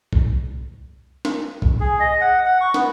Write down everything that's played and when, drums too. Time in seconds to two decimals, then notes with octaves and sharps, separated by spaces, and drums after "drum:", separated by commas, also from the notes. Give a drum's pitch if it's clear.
0.13 drum: kick B1
1.25 drum: snare
1.62 drum: kick B1
1.80 G#4
2.00 D#5
2.21 F#5
2.46 F#5
2.61 C#6
2.74 B3, drum: snare